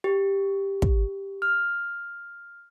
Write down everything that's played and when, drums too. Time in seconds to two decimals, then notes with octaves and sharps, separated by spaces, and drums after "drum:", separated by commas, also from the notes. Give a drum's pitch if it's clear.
0.04 G4
0.82 drum: kick
1.42 F6